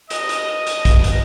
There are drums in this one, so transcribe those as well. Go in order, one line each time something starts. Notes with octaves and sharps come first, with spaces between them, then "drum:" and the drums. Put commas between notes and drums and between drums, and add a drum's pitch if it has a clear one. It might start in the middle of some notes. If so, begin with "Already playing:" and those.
D#5, drum: hi-hat
drum: hi-hat
drum: hi-hat
drum: kick, hi-hat
drum: hi-hat